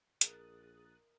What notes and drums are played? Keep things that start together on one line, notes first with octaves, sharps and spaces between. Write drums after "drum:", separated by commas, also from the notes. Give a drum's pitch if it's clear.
A#1 G#4 A#4 D#5 D#6 F#6 A6, drum: hi-hat